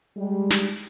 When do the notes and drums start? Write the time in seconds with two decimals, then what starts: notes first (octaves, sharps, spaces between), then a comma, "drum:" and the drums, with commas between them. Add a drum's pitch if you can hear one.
0.17 G3 G#3
0.50 drum: snare